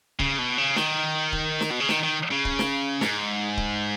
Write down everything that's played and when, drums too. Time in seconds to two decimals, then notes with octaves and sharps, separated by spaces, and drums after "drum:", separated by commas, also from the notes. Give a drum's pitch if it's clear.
0.20 C#3, drum: kick D1
0.39 B2
0.58 C#3
0.76 D#3, drum: snare
1.32 drum: kick D1
1.61 drum: snare
1.71 B2
1.80 C#3
1.89 D#3, drum: snare
2.03 D#3
2.31 C#3
2.45 drum: kick D1
2.59 drum: snare
3.01 G#2, drum: snare
3.57 drum: kick D1